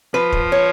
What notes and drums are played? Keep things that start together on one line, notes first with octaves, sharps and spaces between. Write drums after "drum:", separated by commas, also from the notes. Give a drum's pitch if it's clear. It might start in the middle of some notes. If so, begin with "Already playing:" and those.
F3 B4
drum: kick
C#5